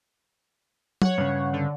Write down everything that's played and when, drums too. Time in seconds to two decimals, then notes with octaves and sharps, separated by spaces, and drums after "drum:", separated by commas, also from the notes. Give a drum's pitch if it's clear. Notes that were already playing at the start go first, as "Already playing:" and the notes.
1.02 C#5 F#5, drum: tom F#3
1.18 G2 C#3
1.53 D3